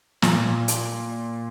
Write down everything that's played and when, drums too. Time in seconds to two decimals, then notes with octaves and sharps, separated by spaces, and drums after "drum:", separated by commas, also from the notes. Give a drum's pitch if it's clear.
0.22 A#2, drum: snare
0.68 drum: hi-hat